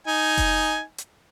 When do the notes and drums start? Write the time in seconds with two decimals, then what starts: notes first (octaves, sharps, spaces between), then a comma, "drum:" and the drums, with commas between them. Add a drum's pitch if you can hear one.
0.07 D#4 G#5
0.38 drum: kick F1, hi-hat
0.98 drum: hi-hat